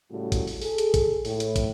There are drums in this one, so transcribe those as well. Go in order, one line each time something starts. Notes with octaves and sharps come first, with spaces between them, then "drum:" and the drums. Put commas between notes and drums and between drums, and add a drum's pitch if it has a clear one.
A2 C#3 G3 F#4
drum: kick, hi-hat
drum: open hi-hat
G#4 A4, drum: open hi-hat
drum: hi-hat
drum: kick, hi-hat
A2, drum: open hi-hat
drum: hi-hat
drum: kick, hi-hat